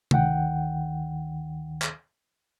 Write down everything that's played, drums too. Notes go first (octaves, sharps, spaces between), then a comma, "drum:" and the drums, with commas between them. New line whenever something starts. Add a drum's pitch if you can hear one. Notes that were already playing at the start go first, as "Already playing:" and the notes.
D2 D#3 F#5 G5, drum: tom C3
drum: clap